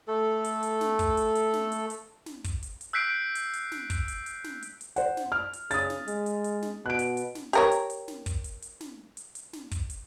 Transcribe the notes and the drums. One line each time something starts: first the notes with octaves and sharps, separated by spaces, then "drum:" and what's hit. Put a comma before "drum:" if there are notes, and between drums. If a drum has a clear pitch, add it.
A3 A4
drum: hi-hat
drum: hi-hat
drum: snare
drum: kick, hi-hat
drum: hi-hat
drum: hi-hat
drum: snare
drum: hi-hat
drum: hi-hat
drum: snare
drum: kick, hi-hat
drum: hi-hat
drum: hi-hat
E6 F#6 G6 B6 C7 D7
drum: hi-hat
drum: hi-hat
drum: snare
drum: kick, hi-hat
drum: hi-hat
drum: hi-hat
drum: snare
drum: hi-hat
drum: hi-hat
C5 F#5, drum: hi-hat
drum: snare
F6
drum: hi-hat
C#3 D#6 A6, drum: hi-hat
drum: snare
G#3, drum: hi-hat
drum: hi-hat
drum: hi-hat
drum: snare
B2 F#6 D7
drum: hi-hat
drum: hi-hat
drum: snare
G4 A#4 C#5, drum: hi-hat
drum: hi-hat
drum: hi-hat
drum: snare
drum: kick, hi-hat
drum: hi-hat
drum: hi-hat
drum: snare
drum: hi-hat
drum: hi-hat
drum: snare
drum: kick, hi-hat
drum: hi-hat